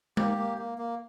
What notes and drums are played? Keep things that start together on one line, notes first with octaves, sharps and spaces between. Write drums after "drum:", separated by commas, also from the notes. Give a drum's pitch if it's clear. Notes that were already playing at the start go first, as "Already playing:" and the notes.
A#3 G4, drum: tom G#3
A#3
A#3
A#3